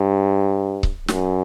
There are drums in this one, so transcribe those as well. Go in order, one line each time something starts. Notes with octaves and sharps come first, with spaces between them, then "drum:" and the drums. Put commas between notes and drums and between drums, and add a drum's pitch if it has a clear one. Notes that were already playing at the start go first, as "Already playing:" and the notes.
Already playing: G2
drum: kick C#1
F#2, drum: snare